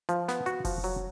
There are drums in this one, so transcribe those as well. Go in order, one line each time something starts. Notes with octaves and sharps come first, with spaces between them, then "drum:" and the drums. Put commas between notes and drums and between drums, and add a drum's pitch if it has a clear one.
F3, drum: hi-hat
B3, drum: snare
F#4, drum: hi-hat
F3, drum: kick F1, open hi-hat
F#3, drum: hi-hat